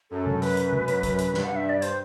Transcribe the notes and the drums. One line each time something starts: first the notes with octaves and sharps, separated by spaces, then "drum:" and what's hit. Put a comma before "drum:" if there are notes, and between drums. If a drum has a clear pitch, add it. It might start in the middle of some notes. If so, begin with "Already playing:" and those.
F#2 A4
drum: tom C3
B4, drum: open hi-hat
drum: hi-hat
drum: tom C3
drum: hi-hat
drum: kick A1, hi-hat
drum: hi-hat
G2, drum: snare
F#5
E5
D5
C5, drum: hi-hat